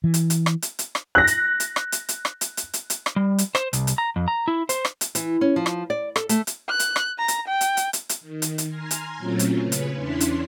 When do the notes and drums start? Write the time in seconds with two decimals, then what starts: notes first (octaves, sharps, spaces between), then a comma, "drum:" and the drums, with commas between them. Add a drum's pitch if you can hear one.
0.04 E3
0.14 drum: hi-hat
0.30 drum: hi-hat
0.46 drum: rim click
0.62 drum: hi-hat
0.79 drum: hi-hat
0.95 drum: rim click
1.15 F#6 A#6
1.27 drum: hi-hat
1.60 drum: hi-hat
1.76 drum: rim click
1.92 drum: hi-hat
2.09 drum: hi-hat
2.25 drum: rim click
2.41 drum: hi-hat
2.57 drum: hi-hat
2.73 drum: hi-hat
2.90 drum: hi-hat
3.06 drum: rim click
3.16 G3
3.38 drum: hi-hat
3.55 C5, drum: rim click
3.73 C2, drum: hi-hat
3.87 drum: hi-hat
3.98 A#5
4.16 F2
4.28 A#5
4.48 E4
4.69 C5, drum: hi-hat
4.85 drum: rim click
5.01 drum: hi-hat
5.15 E3, drum: hi-hat
5.41 C#4
5.56 F3
5.66 drum: rim click
5.90 D5
6.16 A4, drum: rim click
6.29 A3, drum: hi-hat
6.47 drum: hi-hat
6.69 F#6
6.79 drum: hi-hat
6.96 drum: rim click
7.19 A#5
7.28 drum: hi-hat
7.48 G5
7.61 drum: hi-hat
7.77 drum: hi-hat
7.93 drum: hi-hat
8.09 drum: hi-hat
8.21 D#3
8.42 drum: hi-hat
8.58 drum: hi-hat
8.68 G#5 A#5 C6 F6 G#6
8.91 drum: hi-hat
9.17 A#2 F#3 A3 C4 C#4 F4
9.39 drum: hi-hat
9.62 C#3 B4 C#5
9.72 drum: hi-hat
9.96 E2 C#4 D4 E4 C6 B6
10.20 drum: hi-hat